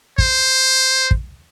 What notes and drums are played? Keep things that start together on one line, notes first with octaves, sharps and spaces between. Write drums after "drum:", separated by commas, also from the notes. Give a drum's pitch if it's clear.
C5, drum: kick
drum: kick